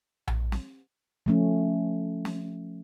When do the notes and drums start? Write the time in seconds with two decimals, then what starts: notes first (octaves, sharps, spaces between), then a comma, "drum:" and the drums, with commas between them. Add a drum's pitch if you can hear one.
0.27 drum: tom A#1
0.52 drum: snare
1.26 F3 A3 C#4
2.25 drum: snare